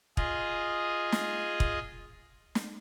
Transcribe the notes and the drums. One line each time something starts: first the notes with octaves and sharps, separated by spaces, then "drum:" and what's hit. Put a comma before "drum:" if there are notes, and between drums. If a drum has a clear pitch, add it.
F4 G#4 D#5, drum: kick
drum: snare
drum: kick
drum: snare